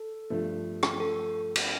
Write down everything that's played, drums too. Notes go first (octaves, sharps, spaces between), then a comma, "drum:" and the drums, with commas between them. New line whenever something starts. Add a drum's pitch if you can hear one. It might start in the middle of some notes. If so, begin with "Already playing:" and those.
Already playing: A4
G2 F3 A3
drum: rim click
A4
drum: cymbal